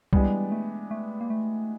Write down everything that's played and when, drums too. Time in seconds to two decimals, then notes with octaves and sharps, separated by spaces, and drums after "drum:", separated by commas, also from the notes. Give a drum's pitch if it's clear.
0.13 E3 G3 G#3 B3 D4 G4, drum: kick
0.52 A3
0.91 A3
1.21 A#3
1.30 A3